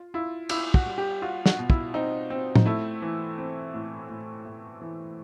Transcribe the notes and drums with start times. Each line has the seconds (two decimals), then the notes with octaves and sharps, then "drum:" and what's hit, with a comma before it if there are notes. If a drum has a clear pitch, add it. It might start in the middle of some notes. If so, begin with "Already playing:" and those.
Already playing: F4
0.14 E4 F4
0.49 E4 F4, drum: cymbal
0.74 F#4, drum: kick
0.86 G3
0.98 G4
1.22 F4 F#4
1.46 F#4, drum: snare
1.58 B2
1.70 E4, drum: kick
1.94 C4 D#4
2.30 C4
2.55 D#4, drum: tom A2
2.66 A3 E4
3.02 E3
3.38 C4
3.74 A2
4.09 A2
4.46 A2
4.82 E3